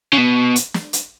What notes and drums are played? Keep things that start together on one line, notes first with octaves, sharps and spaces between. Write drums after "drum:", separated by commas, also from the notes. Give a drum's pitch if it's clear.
C#3
B2
drum: hi-hat
drum: snare
drum: hi-hat